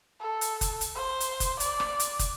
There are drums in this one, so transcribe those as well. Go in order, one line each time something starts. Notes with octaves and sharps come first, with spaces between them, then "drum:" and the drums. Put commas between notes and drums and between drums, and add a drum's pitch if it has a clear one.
A4
drum: hi-hat
drum: kick, hi-hat
drum: hi-hat
C5
drum: hi-hat
drum: kick, hi-hat
D5, drum: hi-hat
drum: rim click
drum: hi-hat
drum: kick, hi-hat